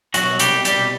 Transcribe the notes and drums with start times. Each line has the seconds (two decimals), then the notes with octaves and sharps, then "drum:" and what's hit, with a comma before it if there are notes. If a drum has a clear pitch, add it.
0.14 B2 F#3 F#4, drum: hi-hat
0.33 C2
0.39 G3 G4, drum: hi-hat
0.52 C2
0.65 G3 G4, drum: hi-hat
0.72 B2